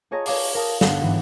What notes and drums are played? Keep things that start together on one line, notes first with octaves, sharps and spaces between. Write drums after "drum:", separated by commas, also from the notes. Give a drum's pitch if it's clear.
F4 G#4 C#5 D#5 A5 A#5
C#5 F5 D6 C7, drum: open hi-hat
A#4 F5 A5 D#6
G1 B3 F5 F#5 A5, drum: snare
G#2 E3 B3